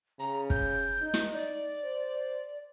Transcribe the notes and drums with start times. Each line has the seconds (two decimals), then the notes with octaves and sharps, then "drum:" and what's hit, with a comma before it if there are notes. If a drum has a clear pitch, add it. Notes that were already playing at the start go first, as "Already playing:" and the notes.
0.20 C#3 A#5
0.50 G6, drum: kick
1.02 D#4
1.14 drum: snare
1.33 D5
1.83 C5